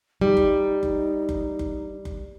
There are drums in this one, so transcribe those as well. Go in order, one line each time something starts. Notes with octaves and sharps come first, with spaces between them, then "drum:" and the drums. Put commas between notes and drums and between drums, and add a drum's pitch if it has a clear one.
G3 D#4
drum: kick F#1
drum: kick F#1
drum: kick F#1
drum: kick F#1
drum: kick F#1